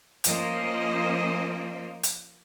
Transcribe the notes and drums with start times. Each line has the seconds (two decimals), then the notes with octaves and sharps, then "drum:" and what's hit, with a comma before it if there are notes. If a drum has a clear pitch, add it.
0.24 F3 A#3 C#4 F4 C5 D#5, drum: hi-hat
2.03 drum: hi-hat